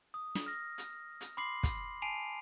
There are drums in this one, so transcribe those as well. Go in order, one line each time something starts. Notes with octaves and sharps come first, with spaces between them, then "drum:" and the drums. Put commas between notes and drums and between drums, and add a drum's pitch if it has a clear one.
D#6
drum: snare
F6 A#6
drum: hi-hat
drum: hi-hat
B5 C6 D6 C7 F#7
drum: kick, hi-hat
G#5 A5 C7 D7 D#7 F7